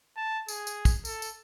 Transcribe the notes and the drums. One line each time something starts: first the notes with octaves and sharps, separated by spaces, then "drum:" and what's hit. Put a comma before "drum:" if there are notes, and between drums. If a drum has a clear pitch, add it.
A5
G#4, drum: tambourine
drum: tambourine
drum: kick, tambourine
A4, drum: tambourine
drum: tambourine